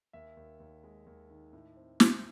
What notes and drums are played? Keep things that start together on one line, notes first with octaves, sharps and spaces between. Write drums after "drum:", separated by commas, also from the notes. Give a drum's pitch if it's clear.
D#2 E5
D#2
D#2
G#3
D#2
D#3
A2
C4
C4, drum: snare